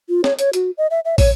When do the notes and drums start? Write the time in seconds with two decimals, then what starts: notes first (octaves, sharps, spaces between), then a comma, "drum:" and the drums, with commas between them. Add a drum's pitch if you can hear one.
0.09 F4
0.24 C#5, drum: snare
0.39 C#5, drum: hi-hat
0.53 F#4, drum: hi-hat
0.78 D#5
0.91 E5
1.05 E5
1.18 C#5, drum: kick, open hi-hat